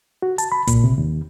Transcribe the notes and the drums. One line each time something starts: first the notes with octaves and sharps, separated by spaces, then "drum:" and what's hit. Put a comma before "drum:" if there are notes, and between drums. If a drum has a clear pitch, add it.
F#4
A5, drum: hi-hat
B5
A#2, drum: kick, hi-hat
C3
D#2